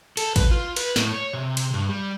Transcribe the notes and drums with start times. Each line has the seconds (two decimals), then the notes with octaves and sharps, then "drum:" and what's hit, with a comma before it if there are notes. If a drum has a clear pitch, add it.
0.17 A4, drum: cymbal
0.36 B4, drum: kick, cymbal
0.51 F4
0.76 B4, drum: cymbal
0.96 A2, drum: snare
1.12 C#5
1.33 C3
1.57 drum: cymbal
1.74 G2
1.89 G3